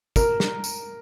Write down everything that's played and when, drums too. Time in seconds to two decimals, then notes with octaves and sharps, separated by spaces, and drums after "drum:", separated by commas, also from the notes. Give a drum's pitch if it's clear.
0.16 A#4, drum: kick, tambourine
0.40 drum: snare
0.64 drum: tambourine